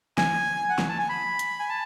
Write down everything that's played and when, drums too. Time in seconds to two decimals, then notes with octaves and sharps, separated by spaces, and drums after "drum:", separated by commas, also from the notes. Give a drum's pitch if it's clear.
0.18 G#5, drum: snare
0.69 F#5
0.78 G#5, drum: snare
0.89 A5
0.99 G#5
1.09 B5
1.39 drum: hi-hat
1.59 G#5
1.69 A5